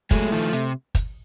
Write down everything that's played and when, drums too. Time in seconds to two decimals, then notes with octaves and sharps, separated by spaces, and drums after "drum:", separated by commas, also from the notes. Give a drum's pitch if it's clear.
0.11 F#3 G#3 A3, drum: kick, hi-hat
0.32 D#3 F3
0.53 C3, drum: hi-hat
0.95 drum: kick, hi-hat